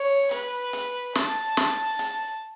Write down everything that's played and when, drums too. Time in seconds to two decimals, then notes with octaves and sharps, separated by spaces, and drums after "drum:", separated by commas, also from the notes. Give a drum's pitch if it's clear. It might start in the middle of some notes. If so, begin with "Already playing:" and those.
Already playing: C#5
0.31 B4, drum: hi-hat
0.73 drum: hi-hat
1.15 A5, drum: snare
1.57 drum: snare
1.99 drum: hi-hat